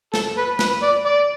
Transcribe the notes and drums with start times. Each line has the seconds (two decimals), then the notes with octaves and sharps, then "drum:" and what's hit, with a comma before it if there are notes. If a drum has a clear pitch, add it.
0.14 A4, drum: snare
0.37 B4
0.59 B4, drum: snare
0.83 D5
1.05 D5